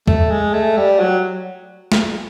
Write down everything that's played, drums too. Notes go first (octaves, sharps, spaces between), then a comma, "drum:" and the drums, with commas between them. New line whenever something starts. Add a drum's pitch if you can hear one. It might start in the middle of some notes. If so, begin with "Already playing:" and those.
A3, drum: kick
G#3
A3
G3
F#3
drum: snare